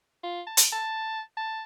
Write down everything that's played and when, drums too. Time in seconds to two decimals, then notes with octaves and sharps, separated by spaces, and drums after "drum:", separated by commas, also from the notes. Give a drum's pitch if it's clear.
0.24 F4
0.47 A5
0.57 drum: hi-hat
0.73 A5
1.37 A5